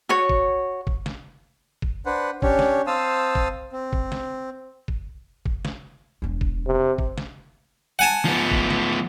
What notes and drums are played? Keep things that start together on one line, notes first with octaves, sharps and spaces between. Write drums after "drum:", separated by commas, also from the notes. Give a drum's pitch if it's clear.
F#4 C#5
drum: kick
drum: kick
drum: snare
drum: kick
D4 B4 C5 F#5
C#4 D4 G4 C#5, drum: kick
drum: snare
C4 C5 F5 A5 D#6 E6
drum: kick
C4
drum: kick
drum: snare
drum: kick
drum: kick
drum: snare
E1 D4
drum: kick
C3
drum: kick
drum: snare
F#5 G#5 A5
F3 B3
drum: kick
drum: snare